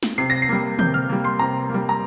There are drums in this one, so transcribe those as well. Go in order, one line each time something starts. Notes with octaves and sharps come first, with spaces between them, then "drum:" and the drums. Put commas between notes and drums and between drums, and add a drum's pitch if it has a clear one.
drum: snare
C3 C7
A#6
C7
G3 A#3
C3 G6, drum: tom
F6
G3 A#3
C6
C3 A#5
G3 A#3
A#5